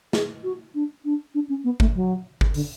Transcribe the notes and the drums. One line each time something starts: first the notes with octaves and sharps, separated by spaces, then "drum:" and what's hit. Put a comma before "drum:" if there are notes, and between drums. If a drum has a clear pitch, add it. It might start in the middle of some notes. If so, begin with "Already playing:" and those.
G#4, drum: snare
F#4
D4
D4
D4
C#4
B3
A3, drum: kick G1
F#3
drum: kick G1
D3, drum: open hi-hat